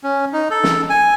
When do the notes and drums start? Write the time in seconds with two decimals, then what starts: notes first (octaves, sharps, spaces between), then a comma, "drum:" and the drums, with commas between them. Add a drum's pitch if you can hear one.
0.03 C#4
0.33 D#4
0.50 A4
0.64 drum: snare
0.90 G#5